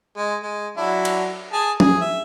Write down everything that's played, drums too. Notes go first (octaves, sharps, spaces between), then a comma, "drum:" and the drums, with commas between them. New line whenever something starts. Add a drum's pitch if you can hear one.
G#3
G#3
F#3 D4 E4
drum: cymbal
G#4 G#5 A5
G#4, drum: tom
E5